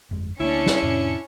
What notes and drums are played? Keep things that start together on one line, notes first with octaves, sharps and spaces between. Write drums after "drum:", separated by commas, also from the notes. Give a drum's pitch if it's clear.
G1 F2 G#3
D2 A#3 C#4 D4 E4 C#7
drum: snare
F2 A2 C3